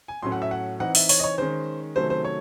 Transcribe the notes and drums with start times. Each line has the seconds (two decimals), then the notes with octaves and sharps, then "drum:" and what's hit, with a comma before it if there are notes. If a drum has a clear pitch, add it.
0.08 G#5
0.22 A2 F#3 A3 C#4 C6
0.32 F#5
0.42 E5
0.51 F#5
0.80 E3 C4 D#4 F#5
0.95 E5, drum: open hi-hat
1.09 C#5, drum: open hi-hat
1.20 D#5
1.24 C#5
1.38 D#3 G#3 C#4 C5
1.96 C3 D#3 F#3 A3 C#4 C5
2.10 C5
2.24 C#5